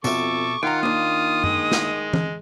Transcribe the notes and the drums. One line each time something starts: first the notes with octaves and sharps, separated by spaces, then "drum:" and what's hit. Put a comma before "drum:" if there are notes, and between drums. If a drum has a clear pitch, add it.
F2 B2 A4 E5 C#6 D6, drum: tambourine
D#3 F4 F#5 G5 A#5
A#3 D4 D#6
G#3, drum: tom F#2
drum: snare
drum: tom E3